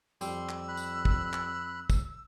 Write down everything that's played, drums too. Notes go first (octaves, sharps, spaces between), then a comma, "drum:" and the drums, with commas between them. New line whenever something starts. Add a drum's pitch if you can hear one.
F2 G3 C6 E6, drum: tambourine
drum: clap
B5 F#6
drum: tambourine
drum: kick
drum: clap
drum: kick, tambourine